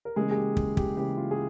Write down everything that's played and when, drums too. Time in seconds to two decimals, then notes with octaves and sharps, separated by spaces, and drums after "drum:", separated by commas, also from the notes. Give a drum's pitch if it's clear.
0.05 A#4
0.16 C#3 E3 G#3 A#3 C#4 G#4
0.31 G#4
0.37 G4
0.57 drum: kick
0.77 G4, drum: kick
0.97 C#3 E3 A#3 C#4 G4
1.18 F4
1.31 G#4